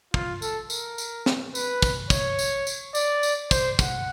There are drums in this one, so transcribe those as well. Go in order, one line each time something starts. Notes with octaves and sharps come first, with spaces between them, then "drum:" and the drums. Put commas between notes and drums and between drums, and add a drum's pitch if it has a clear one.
F4, drum: kick
A4, drum: tambourine
A#4, drum: tambourine
drum: tambourine
drum: snare
B4, drum: tambourine
drum: kick, tambourine
C#5, drum: kick, tambourine
drum: tambourine
drum: tambourine
D5, drum: tambourine
drum: tambourine
C5, drum: kick, tambourine
F#5, drum: kick, tambourine